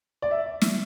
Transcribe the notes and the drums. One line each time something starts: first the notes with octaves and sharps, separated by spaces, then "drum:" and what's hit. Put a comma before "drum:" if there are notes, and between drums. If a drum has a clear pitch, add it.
D5
E5
drum: snare